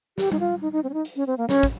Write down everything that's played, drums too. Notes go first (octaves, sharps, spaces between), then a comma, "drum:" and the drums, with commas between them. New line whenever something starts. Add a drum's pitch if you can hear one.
G4, drum: snare
D#4, drum: tom G3
F4
D#4
D#4
C4
C#4
D#4
drum: hi-hat
C#4
C4
A#3
C#4, drum: snare
drum: kick, hi-hat